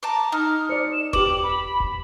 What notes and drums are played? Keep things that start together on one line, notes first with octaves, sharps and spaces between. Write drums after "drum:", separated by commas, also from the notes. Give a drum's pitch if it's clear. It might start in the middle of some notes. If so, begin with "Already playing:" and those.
A5 A#5 D6
D#4 F6
C5 D5 C#7
E7
G4 B4 D6 F#7, drum: kick E1
B5
drum: kick E1